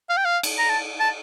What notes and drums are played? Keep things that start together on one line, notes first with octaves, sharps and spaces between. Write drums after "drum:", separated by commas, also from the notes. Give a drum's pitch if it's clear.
F5
G5
F5
drum: cymbal
A#5
A5
A5